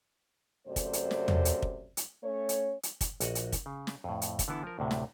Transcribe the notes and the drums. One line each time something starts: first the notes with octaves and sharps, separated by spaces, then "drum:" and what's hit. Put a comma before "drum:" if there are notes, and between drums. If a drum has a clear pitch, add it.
F#2 C3 A3 C5 D5
drum: kick, hi-hat
drum: hi-hat
drum: snare
drum: tom
drum: hi-hat
drum: kick
drum: hi-hat
A3 C#4 C#5
drum: hi-hat
drum: hi-hat
drum: kick, hi-hat
A#1 F#4 D#5 F#5, drum: hi-hat
drum: hi-hat
drum: kick, hi-hat
C#3
drum: snare
F2 A2
drum: hi-hat
drum: kick, hi-hat
D3 E3 B3 E4 A4 A5
F3 A#4
D2 A2 C3
drum: snare